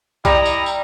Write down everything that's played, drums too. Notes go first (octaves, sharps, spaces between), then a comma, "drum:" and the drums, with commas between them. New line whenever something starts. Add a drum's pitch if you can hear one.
G3 E4 D#5 A#5, drum: kick B1, tambourine
drum: tambourine
drum: tambourine